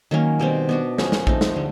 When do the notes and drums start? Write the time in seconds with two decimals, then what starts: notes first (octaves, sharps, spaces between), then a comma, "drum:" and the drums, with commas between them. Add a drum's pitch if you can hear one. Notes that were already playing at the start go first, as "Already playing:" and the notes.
0.11 D#3 F#3 A#3 C#4
0.40 B2 G3 C4
0.69 B3 D4 F#4
0.98 F3 G#3 C#4, drum: snare
1.12 drum: snare
1.27 F3 A3 C4 D#4, drum: kick A#1
1.41 drum: snare
1.56 D3 G3